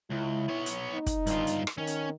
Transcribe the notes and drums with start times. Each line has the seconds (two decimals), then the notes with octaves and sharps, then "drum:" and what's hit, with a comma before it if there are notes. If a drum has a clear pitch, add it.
0.11 C#2 E4
0.49 B3 C#5
0.66 drum: hi-hat
0.94 D#4
1.06 drum: kick, hi-hat
1.27 G2 F4, drum: hi-hat
1.47 drum: hi-hat
1.67 drum: rim click
1.78 D#3 C#4
1.87 drum: hi-hat